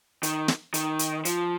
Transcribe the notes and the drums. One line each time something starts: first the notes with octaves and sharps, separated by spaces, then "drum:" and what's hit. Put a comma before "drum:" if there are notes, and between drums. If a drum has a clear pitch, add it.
D#3, drum: hi-hat
drum: snare
D#3, drum: hi-hat
drum: hi-hat
F3, drum: hi-hat